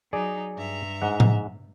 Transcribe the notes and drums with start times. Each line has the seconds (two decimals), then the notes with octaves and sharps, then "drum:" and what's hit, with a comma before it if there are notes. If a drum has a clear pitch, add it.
0.13 F#3 D#4 G#4 D5 G#5
0.55 G2 E5 A#5
1.02 G#2 F#5
1.20 drum: tom A2